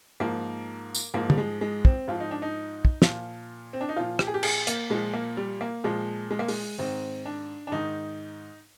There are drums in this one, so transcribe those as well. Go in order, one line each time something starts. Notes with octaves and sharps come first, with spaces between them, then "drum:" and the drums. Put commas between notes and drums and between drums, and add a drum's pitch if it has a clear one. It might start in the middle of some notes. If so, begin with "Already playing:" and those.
G#2 F3 A#3
drum: tambourine
G#2 F3 A#3
G3, drum: tom
G#3
G#3
C4, drum: kick
G#2 F3 F4
D#4
D4
D#4
drum: kick
A#2 F3 F4, drum: snare
C4
D4
D#4
A#2 F3 F4
G4, drum: rim click
G#4
G4
G#4, drum: cymbal
A#3, drum: hi-hat
A#2 F3 G#3
A#3
G3
A#3
A#2 F3 G#3
G#3
A#3
G#3, drum: open hi-hat
G#2 D#3 C4
D4
D4
G#2 D#3 D#4